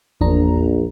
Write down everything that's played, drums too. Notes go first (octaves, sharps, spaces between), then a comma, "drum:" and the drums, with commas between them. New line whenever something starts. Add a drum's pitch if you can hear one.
A#1 E2 D4 A#5, drum: kick G1